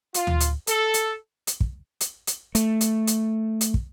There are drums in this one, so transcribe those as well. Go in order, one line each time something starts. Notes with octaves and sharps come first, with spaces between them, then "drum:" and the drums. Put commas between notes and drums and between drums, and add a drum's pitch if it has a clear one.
F4, drum: hi-hat
drum: tom D2
drum: hi-hat
A4, drum: hi-hat
drum: hi-hat
drum: hi-hat
drum: kick
drum: hi-hat
drum: hi-hat
A3, drum: hi-hat
drum: hi-hat
drum: hi-hat
drum: hi-hat
drum: kick